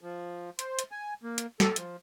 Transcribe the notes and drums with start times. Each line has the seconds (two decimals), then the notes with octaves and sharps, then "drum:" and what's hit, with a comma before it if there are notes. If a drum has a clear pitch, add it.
0.01 F3
0.59 C5, drum: hi-hat
0.79 drum: hi-hat
0.91 G#5
1.23 A#3
1.38 drum: hi-hat
1.60 A4, drum: snare
1.76 F3, drum: hi-hat